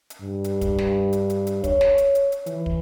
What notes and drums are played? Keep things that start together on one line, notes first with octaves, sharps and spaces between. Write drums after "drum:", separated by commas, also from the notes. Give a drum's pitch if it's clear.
drum: hi-hat
G2
drum: hi-hat
drum: kick, hi-hat
drum: snare
drum: hi-hat
drum: hi-hat
drum: hi-hat
C#5, drum: kick, hi-hat
drum: snare
drum: hi-hat
drum: hi-hat
drum: hi-hat
E3, drum: hi-hat
drum: kick